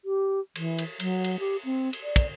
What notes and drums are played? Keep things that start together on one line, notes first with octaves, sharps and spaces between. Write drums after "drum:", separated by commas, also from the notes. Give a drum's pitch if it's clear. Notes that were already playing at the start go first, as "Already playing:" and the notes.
G4
E3, drum: cymbal
drum: cymbal
F#3, drum: cymbal
drum: cymbal
G4
C4
drum: cymbal
D5
drum: kick, cymbal